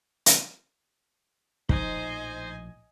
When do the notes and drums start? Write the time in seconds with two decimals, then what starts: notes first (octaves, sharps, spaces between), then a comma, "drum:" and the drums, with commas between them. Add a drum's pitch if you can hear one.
0.26 drum: hi-hat
1.69 A#1 A2 F3 D#4 C5 D#5 G#5, drum: kick